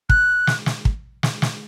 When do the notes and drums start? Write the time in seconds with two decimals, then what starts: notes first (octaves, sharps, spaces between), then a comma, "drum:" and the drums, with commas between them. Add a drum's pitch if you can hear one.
0.10 F#6, drum: kick
0.47 drum: snare
0.66 drum: snare
0.85 drum: kick
1.23 drum: snare
1.42 drum: snare